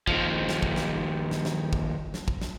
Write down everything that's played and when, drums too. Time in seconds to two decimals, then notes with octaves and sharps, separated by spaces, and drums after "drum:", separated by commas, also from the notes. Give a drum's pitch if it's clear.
0.07 D#2 F3, drum: kick G1
0.49 drum: snare
0.63 drum: kick G1
0.76 drum: snare
1.31 drum: snare
1.45 drum: snare
1.73 drum: kick G1
2.14 drum: snare
2.28 drum: kick G1
2.41 drum: snare